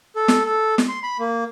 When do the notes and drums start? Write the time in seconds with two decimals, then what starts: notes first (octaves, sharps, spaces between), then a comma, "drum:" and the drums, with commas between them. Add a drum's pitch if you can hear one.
0.16 A4
0.28 drum: snare
0.45 A4
0.78 drum: snare
0.88 C6
1.03 B5
1.19 A#3